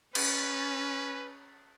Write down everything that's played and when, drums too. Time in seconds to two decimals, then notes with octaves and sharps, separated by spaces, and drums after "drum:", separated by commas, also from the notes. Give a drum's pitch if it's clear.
0.15 C#4 B4, drum: cymbal